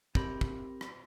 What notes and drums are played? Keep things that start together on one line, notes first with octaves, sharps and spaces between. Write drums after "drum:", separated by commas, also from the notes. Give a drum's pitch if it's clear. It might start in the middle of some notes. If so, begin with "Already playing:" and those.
C4 G4 A#4 B5, drum: kick
drum: kick
drum: rim click